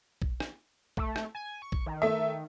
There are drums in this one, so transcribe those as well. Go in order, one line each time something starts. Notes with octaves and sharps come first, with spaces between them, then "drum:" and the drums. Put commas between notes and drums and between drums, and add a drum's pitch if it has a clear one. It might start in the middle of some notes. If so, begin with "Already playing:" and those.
drum: kick A#1
drum: rim click
A3, drum: kick A#1
drum: rim click
G#5
C#6
drum: kick A#1
D#3
A3 E5